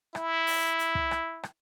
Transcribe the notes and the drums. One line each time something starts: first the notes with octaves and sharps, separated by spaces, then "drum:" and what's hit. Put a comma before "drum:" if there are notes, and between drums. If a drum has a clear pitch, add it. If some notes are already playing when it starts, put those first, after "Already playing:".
E4, drum: rim click
drum: open hi-hat
drum: hi-hat
drum: kick
drum: rim click
drum: rim click